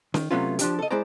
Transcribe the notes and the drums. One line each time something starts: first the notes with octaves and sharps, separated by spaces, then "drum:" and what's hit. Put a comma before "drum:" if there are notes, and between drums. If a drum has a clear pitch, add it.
D#3, drum: snare C#4
C3 F#3 A3 B3 C#4 F4
F3 D4 G4, drum: hi-hat
A4 D#5
G#3 E4 C5 D5 A#5